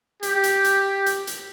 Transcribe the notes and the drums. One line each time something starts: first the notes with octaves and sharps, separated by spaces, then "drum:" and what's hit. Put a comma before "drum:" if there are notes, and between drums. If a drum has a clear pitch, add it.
G4, drum: hi-hat
drum: hi-hat
drum: hi-hat
drum: hi-hat
drum: hi-hat